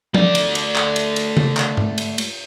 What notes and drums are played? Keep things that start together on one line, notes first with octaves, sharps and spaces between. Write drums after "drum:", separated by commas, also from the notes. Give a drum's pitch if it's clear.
A3 D5, drum: tom F3
drum: cymbal
drum: cymbal
drum: clap
drum: cymbal
drum: cymbal
drum: tom C#3
drum: clap
drum: tom G2
drum: cymbal
drum: cymbal